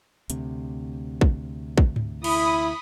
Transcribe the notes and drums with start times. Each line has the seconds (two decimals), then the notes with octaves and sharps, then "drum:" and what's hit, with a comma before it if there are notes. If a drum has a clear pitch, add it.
0.30 D2 C3, drum: hi-hat
1.21 drum: kick
1.78 drum: kick
1.96 drum: tom G#2
2.24 E4 B5 D#6, drum: cymbal